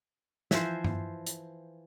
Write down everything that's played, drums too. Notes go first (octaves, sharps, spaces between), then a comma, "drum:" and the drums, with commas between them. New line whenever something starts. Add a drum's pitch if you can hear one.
E3 F3 C5, drum: snare
drum: tom G2
drum: hi-hat